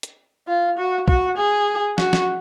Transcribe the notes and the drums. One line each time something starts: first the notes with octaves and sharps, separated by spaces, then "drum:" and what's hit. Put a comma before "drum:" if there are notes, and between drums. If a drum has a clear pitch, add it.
drum: hi-hat
F4
F#4
F#4, drum: kick
G#4
F#4, drum: snare
drum: snare